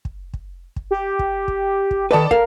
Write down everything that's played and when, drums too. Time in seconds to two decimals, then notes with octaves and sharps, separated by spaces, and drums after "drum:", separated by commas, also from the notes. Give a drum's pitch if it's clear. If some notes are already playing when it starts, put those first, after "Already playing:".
0.05 drum: kick
0.34 drum: kick
0.76 drum: kick
0.91 G4
1.19 drum: kick
1.48 drum: kick
1.91 drum: kick
2.11 D#3 A4 B4 D5 A5
2.31 A#4 F5, drum: kick